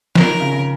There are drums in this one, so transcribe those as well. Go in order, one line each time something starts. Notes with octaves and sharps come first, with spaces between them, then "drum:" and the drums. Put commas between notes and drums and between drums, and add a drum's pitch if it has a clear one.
F3 A#4, drum: snare
D#3
C#3
C#3